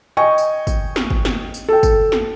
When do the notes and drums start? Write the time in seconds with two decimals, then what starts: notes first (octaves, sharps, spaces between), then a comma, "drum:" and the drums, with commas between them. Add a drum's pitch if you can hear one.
0.17 D#5 G5 G#5 C#6
0.38 drum: tambourine
0.67 drum: kick, tambourine
0.96 drum: snare
1.10 drum: kick
1.25 drum: snare
1.54 drum: tambourine
1.69 A4 G5
1.83 drum: kick, tambourine
2.12 drum: snare